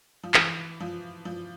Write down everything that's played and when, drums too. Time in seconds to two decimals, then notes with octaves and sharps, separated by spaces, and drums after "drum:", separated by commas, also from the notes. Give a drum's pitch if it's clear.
0.24 F3
0.34 E3, drum: clap
0.81 F3
1.25 F3